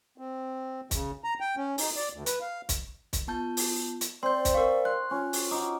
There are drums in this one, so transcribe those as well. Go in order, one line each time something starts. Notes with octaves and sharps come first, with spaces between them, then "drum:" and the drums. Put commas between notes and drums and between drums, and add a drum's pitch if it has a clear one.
C4
C#3, drum: kick, hi-hat
A#5
G5
C#4
D#4, drum: open hi-hat
D5
D2
B4, drum: hi-hat
F5
drum: kick, hi-hat
drum: kick, hi-hat
B3 F4 A5 G6
drum: open hi-hat
drum: hi-hat
C4 D5 C6 G6
drum: kick, hi-hat
A#4 F5 C#6
C6 F#6
C#4 F4
drum: open hi-hat
D#4 F#4 D6